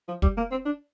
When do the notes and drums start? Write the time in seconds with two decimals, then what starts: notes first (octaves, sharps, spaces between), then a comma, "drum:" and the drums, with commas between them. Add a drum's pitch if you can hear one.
0.08 F3
0.22 G3, drum: kick
0.37 A#3
0.51 C4
0.65 D4